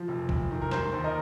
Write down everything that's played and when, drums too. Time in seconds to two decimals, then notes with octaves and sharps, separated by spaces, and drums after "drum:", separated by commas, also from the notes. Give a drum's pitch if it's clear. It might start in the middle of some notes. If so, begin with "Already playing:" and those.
Already playing: F3
0.08 F1
0.29 F1, drum: kick A#1
0.51 D#3
0.62 A#4
0.71 D#2 C5, drum: snare
0.94 D#2
1.04 A#4 D#5